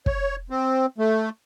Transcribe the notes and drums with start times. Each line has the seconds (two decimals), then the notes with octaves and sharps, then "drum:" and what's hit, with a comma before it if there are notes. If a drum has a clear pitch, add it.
0.06 C#5, drum: kick
0.50 C4
0.98 A3